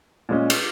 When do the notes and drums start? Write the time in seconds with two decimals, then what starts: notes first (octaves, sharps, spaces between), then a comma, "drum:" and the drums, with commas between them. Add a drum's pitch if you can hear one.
0.29 A#2 G#3 C#4
0.50 drum: cymbal